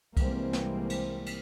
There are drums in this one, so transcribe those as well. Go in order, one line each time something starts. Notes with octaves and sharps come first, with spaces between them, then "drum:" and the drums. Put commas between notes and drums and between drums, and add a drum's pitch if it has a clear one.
C2 E3 G3 G#3 A#3 C4, drum: kick C2, cymbal
drum: snare
drum: cymbal
drum: cymbal